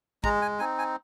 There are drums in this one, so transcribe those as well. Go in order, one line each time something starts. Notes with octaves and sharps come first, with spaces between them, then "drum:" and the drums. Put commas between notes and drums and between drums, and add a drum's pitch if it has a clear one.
G#3 A#5, drum: kick
G#5
C4 D#4 G#5
G#5